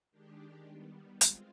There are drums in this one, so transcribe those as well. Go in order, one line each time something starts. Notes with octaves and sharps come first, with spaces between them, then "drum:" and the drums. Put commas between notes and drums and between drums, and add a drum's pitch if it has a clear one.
D#3 G#3 D4 G4
D#3 G3 B3
G#3 C4 F4, drum: hi-hat